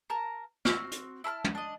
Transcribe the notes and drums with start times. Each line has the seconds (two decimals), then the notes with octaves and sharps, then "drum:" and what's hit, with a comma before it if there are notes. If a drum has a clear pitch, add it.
0.10 A#4 A5 A#5
0.65 C4 F#4 F6, drum: snare
0.92 drum: hi-hat
1.24 E4 A5 B5 F6
1.44 drum: tom
1.55 D4 D#5